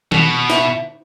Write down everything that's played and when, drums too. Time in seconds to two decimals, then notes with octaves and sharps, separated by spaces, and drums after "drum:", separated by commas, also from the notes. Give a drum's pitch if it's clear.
0.12 B2, drum: tom D#3
0.50 E5, drum: snare